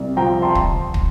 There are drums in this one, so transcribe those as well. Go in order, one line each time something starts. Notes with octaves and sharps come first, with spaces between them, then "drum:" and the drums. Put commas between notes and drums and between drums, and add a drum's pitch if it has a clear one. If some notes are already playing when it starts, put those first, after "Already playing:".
Already playing: C2
F3 G5 A#5
A5 C6
drum: kick
drum: kick